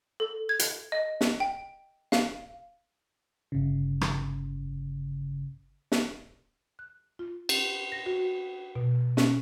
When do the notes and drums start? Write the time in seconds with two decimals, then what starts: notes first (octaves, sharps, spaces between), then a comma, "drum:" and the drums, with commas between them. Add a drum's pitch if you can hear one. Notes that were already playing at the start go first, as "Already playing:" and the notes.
0.20 A4
0.49 G#6
0.59 drum: hi-hat
0.92 D#5
1.21 drum: snare
1.40 G5
2.12 F5, drum: snare
3.52 G1 C#3
4.01 drum: rim click
5.92 drum: snare
6.79 F#6
7.19 F4
7.49 G4, drum: cymbal
7.92 A#6
8.06 F#4
8.75 B2
9.17 C#4, drum: snare